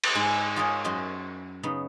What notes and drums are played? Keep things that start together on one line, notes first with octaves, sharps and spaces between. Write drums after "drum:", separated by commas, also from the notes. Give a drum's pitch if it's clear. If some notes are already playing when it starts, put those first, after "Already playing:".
drum: cymbal
G#2 G#3 C5
F4 G#4 A#4 C5 C#5 D#5
F#2 F#4 C5 D#5 C6
C#3 B3 D#4